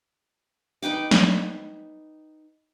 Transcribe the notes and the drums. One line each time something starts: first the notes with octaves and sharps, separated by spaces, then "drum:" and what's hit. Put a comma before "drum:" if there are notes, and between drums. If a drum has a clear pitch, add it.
D#4 B4 G5 D6
drum: snare